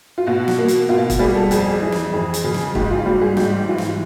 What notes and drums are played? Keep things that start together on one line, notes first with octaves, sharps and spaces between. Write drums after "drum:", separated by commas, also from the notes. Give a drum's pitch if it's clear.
F4
B2 F#4
drum: snare
A#3
drum: hi-hat
B2 F4
drum: kick, hi-hat
G3 G#4
A4
F2 G#4, drum: hi-hat
E3
drum: snare
F2 G#4
drum: hi-hat
C#3 G#4
drum: snare
G#2 G4, drum: kick
F4
G3 F#4
G#4
G#2 G4, drum: snare
E3 F4
drum: snare